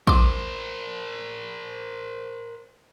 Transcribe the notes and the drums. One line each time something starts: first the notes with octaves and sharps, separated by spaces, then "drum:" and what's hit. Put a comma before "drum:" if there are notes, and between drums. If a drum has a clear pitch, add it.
A#4 C5 C6 D6, drum: kick